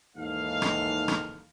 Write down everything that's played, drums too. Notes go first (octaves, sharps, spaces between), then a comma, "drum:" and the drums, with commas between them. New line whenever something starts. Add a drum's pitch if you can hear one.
D#2 G#2 E3 A4 F5
drum: rim click
drum: rim click